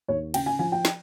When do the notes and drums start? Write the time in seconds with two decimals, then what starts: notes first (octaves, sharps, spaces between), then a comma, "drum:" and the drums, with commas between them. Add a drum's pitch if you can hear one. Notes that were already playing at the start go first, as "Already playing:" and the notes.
0.08 D#2 C#5
0.34 C#3 G5, drum: cymbal
0.46 G#5
0.59 F3 G#5
0.72 G5
0.85 drum: snare